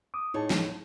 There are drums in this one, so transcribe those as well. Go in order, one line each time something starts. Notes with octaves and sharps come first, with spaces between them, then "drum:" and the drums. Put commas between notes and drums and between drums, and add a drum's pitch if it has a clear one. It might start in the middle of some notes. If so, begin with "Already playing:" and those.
D6 D#6
A2 D#4 G#4 C#5 A5
drum: snare